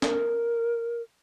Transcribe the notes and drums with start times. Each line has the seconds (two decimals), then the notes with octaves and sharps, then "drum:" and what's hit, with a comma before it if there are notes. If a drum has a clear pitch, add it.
0.02 A#4, drum: snare